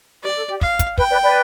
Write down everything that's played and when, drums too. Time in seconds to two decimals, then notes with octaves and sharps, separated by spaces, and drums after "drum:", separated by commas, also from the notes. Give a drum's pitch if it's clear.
0.24 G4 D5
0.36 A4
0.49 G4
0.61 F5, drum: kick
0.79 drum: kick, hi-hat
0.98 B4 G5, drum: kick
1.10 B4 D5
1.23 B4 D5